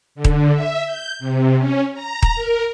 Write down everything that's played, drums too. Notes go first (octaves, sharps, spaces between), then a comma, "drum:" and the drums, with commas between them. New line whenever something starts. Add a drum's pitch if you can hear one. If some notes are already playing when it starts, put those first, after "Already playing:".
D3
drum: kick D#1
E5
G6
C3
C#4
A#5
drum: kick D#1
A#4